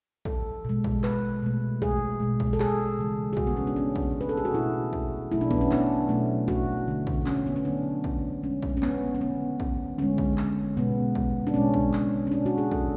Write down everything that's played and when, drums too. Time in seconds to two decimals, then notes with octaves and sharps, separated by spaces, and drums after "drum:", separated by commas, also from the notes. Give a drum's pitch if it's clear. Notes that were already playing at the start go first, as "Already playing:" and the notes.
0.25 A4, drum: kick
0.65 B2 G#3
0.84 drum: kick
1.04 B4, drum: clap
1.42 B2 A3
1.82 G#4, drum: kick
2.20 B2 G#3
2.40 drum: kick
2.53 A4
2.60 G#4, drum: clap
2.99 C#3 E3 G#3
3.33 G#4
3.37 F#4, drum: kick
3.47 B3
3.57 C#4
3.67 D4
3.76 B2 A3 C#4
3.96 drum: kick
4.21 B4
4.29 A4
4.37 G#4
4.45 F#4
4.53 B2 A3 E4
4.93 drum: kick
5.32 B2 F#3 A3 E4
5.41 D4
5.51 B3, drum: kick
5.61 C#4
5.71 D4, drum: clap
6.09 B2 F#3 A3
6.48 F#4, drum: kick
6.88 D3 A3
7.07 drum: kick
7.26 C#4, drum: clap
7.36 C#4
7.46 B3
7.56 C#4
7.65 D3 F#3 A3 D4
8.04 drum: kick
8.43 D3 G#3 C#4
8.62 drum: kick
8.77 C#4
8.83 B3, drum: clap
9.15 C#4
9.21 D3 A3 B3
9.60 drum: kick
9.98 D3 G#3 C#4
10.18 drum: kick
10.38 drum: clap
10.77 B2 G#3 B3
11.15 drum: kick
11.47 D4
11.54 B2 G#3 C#4
11.74 drum: kick
11.93 drum: clap
12.27 C#4
12.32 B2 G#3 D4
12.46 F#4
12.58 G#4
12.72 A4, drum: kick